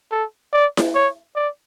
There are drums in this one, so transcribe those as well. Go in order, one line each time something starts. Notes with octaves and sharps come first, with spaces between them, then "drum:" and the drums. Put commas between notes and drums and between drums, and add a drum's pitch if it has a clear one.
A4
D5
drum: snare E4
C#5
D5